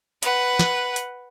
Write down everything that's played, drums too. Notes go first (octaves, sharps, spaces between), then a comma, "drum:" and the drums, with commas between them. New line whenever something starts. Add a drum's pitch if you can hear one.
B4 F#5, drum: hi-hat
drum: snare
drum: hi-hat